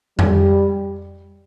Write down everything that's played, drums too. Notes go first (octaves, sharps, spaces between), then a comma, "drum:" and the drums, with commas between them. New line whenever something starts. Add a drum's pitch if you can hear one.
G3, drum: tom F2